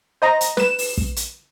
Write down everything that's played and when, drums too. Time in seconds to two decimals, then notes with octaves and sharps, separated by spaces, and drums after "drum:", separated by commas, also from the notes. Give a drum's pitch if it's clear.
0.22 C5 D#5 A#5
0.41 drum: hi-hat
0.57 B4 E7, drum: snare
0.79 drum: open hi-hat
0.97 drum: kick
1.16 drum: hi-hat